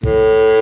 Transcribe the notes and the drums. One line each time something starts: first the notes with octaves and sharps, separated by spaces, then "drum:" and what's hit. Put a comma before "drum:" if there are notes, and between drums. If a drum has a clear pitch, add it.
A2, drum: kick